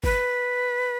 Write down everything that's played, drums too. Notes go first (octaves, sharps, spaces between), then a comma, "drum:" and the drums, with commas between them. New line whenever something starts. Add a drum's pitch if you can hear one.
B4, drum: kick